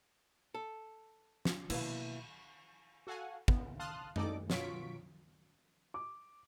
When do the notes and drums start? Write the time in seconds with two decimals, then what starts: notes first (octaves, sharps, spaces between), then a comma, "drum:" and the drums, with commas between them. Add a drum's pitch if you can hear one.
0.54 A4
1.45 drum: snare
1.70 B2 A#3 E4 B4 F5, drum: cymbal
3.07 F#4 A4 F5 F#5 G#5
3.48 B3, drum: kick
3.79 F5 A5 C6 D#6 F6 F#6
4.16 D#4 A4 D5 D#5 D6, drum: tom
4.50 B2 F#3 F4 C#6 B6 D7, drum: snare
5.94 D6